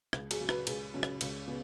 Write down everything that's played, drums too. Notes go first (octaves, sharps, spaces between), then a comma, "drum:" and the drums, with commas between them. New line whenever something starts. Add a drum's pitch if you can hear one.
C#2, drum: rim click
G#4, drum: cymbal
C#3 F#3
B4, drum: rim click
C#2 G#4, drum: cymbal
C#3 F#3 C#4
drum: rim click
C#2 C#4, drum: cymbal
C#3 B3